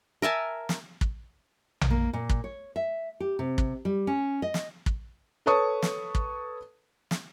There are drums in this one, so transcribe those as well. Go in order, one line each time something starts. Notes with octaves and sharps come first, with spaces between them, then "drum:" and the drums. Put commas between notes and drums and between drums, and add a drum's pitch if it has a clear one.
A#4 E5 G#5 A5
drum: snare
drum: kick
drum: tom A#1
A#3
A#2
drum: kick
C#5
E5
G4
C3
drum: kick
G3
C#4
D#5
drum: snare
drum: kick
A4 B4 C#5 A5 C#6 D#6
drum: snare
drum: kick
drum: snare